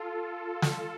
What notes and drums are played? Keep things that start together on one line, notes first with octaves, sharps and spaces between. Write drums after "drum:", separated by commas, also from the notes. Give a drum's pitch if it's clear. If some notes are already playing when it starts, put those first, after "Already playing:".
Already playing: F4 A4
drum: snare